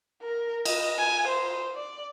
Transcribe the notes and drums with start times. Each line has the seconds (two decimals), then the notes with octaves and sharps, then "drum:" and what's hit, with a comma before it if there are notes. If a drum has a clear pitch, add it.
0.22 A#4
0.65 D#5, drum: cymbal
0.98 G#5
1.27 C5
1.75 D5